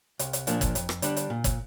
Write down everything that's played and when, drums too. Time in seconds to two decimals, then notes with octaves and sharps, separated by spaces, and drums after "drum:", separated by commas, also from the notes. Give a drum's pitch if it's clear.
0.19 C2, drum: hi-hat
0.33 drum: hi-hat
0.47 A#2 F3 A#3 D4, drum: hi-hat
0.61 drum: kick, hi-hat
0.75 F2, drum: hi-hat
0.89 drum: rim click
1.02 D3 G3 D4, drum: hi-hat
1.17 drum: hi-hat
1.30 A#2
1.44 drum: kick, hi-hat